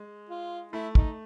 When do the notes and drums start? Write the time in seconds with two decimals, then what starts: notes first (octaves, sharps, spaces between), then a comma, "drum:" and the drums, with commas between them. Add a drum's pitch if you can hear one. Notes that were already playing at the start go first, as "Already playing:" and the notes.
Already playing: G#3
0.29 F4
0.73 A3 E4
0.95 D#4, drum: kick